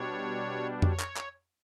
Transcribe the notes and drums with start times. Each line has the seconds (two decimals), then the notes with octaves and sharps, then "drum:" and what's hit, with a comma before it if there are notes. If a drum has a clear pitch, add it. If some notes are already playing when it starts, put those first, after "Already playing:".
Already playing: B2 G3 D4 C#5
0.82 C#5, drum: tom F2
1.00 drum: clap
1.17 drum: clap